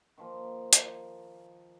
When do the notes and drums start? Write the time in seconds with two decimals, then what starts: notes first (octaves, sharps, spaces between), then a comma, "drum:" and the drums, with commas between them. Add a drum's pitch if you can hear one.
0.18 D#3 F3 A#3
0.73 drum: hi-hat